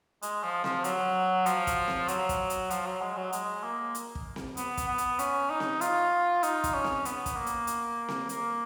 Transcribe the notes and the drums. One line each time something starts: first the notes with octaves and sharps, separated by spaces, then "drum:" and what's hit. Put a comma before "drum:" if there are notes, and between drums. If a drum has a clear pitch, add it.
G#3, drum: hi-hat
F3
F3, drum: snare C4
F#3, drum: hi-hat
F3, drum: hi-hat
drum: kick, hi-hat
drum: snare C4
F#3, drum: hi-hat
drum: kick, hi-hat
drum: hi-hat
F3, drum: hi-hat
F#3
G#3
F#3
G#3, drum: hi-hat
A#3
drum: hi-hat
drum: kick
drum: snare C4
B3, drum: hi-hat
drum: kick, hi-hat
B3
drum: hi-hat
C#4, drum: hi-hat
D#4
drum: snare C4
F4, drum: hi-hat
D#4, drum: hi-hat
drum: kick, hi-hat
C#4
drum: snare C4
B3, drum: hi-hat
drum: kick, hi-hat
A#3
drum: hi-hat
drum: hi-hat
drum: snare C4
A#3, drum: hi-hat